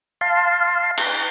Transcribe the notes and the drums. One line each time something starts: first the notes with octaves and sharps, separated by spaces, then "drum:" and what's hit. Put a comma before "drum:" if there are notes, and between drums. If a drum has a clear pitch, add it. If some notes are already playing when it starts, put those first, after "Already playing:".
F5 A5 C6
drum: cymbal